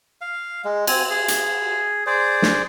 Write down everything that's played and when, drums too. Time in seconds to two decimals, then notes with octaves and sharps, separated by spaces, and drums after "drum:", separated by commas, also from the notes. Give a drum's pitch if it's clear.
0.21 F5
0.65 G#3
0.87 C4 G#5, drum: cymbal
1.10 G#4
1.28 drum: hi-hat
2.07 G#4 C5 D5
2.42 drum: snare